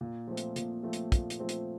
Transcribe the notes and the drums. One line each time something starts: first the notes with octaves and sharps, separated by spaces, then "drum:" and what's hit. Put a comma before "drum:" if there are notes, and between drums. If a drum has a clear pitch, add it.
A#2
F3 A3 C4
drum: hi-hat
A#2, drum: hi-hat
F3 A3 C4
drum: hi-hat
A#2, drum: kick, hi-hat
drum: hi-hat
F3 A3 C4
drum: hi-hat